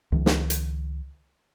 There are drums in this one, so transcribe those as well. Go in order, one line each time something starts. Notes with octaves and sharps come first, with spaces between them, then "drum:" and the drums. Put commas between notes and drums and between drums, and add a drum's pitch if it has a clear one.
C#2 D#3 F3
drum: snare
drum: hi-hat